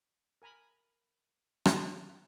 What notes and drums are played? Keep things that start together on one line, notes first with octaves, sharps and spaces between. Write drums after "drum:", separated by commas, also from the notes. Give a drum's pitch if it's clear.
A#4 G#5 A#5 B5
drum: rim click